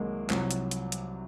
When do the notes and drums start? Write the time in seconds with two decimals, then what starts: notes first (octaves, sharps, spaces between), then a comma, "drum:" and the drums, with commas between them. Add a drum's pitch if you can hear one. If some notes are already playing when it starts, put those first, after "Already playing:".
Already playing: C2 C3 D#3 F#3 G#3 A#3
0.30 C2 C3 F3 F#3, drum: clap
0.51 drum: hi-hat
0.71 drum: hi-hat
0.92 drum: hi-hat